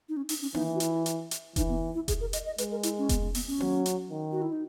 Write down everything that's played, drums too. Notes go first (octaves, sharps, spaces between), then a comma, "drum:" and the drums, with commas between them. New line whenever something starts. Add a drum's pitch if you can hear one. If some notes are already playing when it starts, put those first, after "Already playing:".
D#4
C#4
D#4, drum: open hi-hat
C#4
E3 D#4, drum: tom A#3
F#4
E4, drum: hi-hat
drum: hi-hat
drum: hi-hat
E3 D#4, drum: kick F1, hi-hat
B3
E4
G#4, drum: kick F1, hi-hat
A#4
D#5, drum: hi-hat
D#5
G#3 B4, drum: hi-hat
A#4
E4, drum: hi-hat
C#4
B3, drum: kick F1, hi-hat
B3, drum: open hi-hat
C#4
F#3, drum: tom A#3
drum: hi-hat
D#3
F#4
E4
D#4